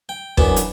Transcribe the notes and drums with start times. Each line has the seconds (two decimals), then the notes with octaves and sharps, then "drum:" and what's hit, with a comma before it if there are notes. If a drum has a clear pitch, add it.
0.09 G5
0.37 F#2 E3 B3 D4 A5, drum: kick
0.56 drum: hi-hat